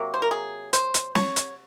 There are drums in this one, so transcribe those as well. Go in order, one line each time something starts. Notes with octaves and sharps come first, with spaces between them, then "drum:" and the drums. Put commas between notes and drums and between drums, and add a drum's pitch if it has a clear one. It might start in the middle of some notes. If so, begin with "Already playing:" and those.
Already playing: C3 F#3 A#3
C5
A#4
G#4
C5, drum: hi-hat
drum: hi-hat
C#5, drum: snare
drum: hi-hat